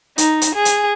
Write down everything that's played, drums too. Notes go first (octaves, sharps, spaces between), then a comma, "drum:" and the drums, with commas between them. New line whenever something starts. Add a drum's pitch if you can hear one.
D#4, drum: hi-hat
drum: hi-hat
G#4
drum: hi-hat